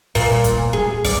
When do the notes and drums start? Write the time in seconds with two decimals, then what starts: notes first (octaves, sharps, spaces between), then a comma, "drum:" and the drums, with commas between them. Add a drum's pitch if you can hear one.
0.15 A#2, drum: kick, open hi-hat
0.44 drum: kick, hi-hat
0.73 G#4
1.05 D5, drum: kick, open hi-hat